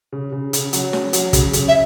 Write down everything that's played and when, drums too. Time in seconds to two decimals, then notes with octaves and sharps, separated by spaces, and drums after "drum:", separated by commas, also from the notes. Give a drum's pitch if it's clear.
0.12 C#3
0.32 C#3
0.53 C#3, drum: hi-hat
0.73 F#3, drum: hi-hat
0.93 C#4, drum: snare
1.13 F#3, drum: hi-hat
1.33 C#3, drum: kick, hi-hat
1.53 C#3, drum: hi-hat
1.68 E5